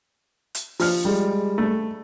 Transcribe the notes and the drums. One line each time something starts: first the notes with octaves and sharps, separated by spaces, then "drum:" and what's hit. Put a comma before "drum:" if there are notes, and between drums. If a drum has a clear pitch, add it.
drum: hi-hat
F3 F6, drum: open hi-hat
G3 G#3
A3